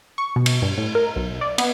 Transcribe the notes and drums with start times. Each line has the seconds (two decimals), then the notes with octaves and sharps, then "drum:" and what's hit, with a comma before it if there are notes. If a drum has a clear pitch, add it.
0.18 C#6
0.36 B2
0.46 drum: cymbal
0.62 G2
0.78 A2
0.95 A#4
1.16 B1
1.41 D5
1.58 B3, drum: cymbal